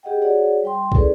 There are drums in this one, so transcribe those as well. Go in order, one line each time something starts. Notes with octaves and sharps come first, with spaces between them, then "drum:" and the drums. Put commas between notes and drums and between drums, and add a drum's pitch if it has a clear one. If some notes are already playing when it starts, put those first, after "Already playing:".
G4 G#4 D#5 F#5 G5
F#4 G#4 C#5 D5 F#5
G3 G5 C6
C#4 E4 G#4 A4 B4 D5, drum: kick